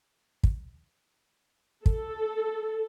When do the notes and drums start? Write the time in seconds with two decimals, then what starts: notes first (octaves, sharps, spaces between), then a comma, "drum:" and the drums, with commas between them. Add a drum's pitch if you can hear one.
0.43 drum: kick
1.86 A4, drum: kick